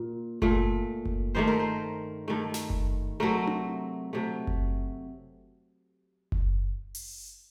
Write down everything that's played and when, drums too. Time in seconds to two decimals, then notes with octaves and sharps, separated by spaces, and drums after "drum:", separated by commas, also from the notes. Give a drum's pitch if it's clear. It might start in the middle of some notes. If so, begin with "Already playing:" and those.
Already playing: A#2
0.42 A#2 A3, drum: kick F#1
1.05 drum: kick F#1
1.35 G2 D#3 A3 C5
1.47 A#4
1.59 C5
2.28 G2 D#3 A3
2.54 drum: snare
2.70 drum: kick F#1
3.20 C3 F#3 A3 A#4
3.47 drum: tom D4
4.13 C3 F#3 A3
4.47 drum: kick F#1
6.32 drum: kick F#1
6.95 drum: open hi-hat